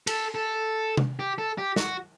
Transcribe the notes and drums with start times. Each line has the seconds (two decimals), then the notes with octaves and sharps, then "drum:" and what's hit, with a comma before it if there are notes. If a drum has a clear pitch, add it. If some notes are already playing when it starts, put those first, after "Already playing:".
0.07 A4, drum: cymbal
0.35 A4
0.97 drum: tom C3
1.19 G4
1.38 A4
1.58 G4
1.76 F#4, drum: snare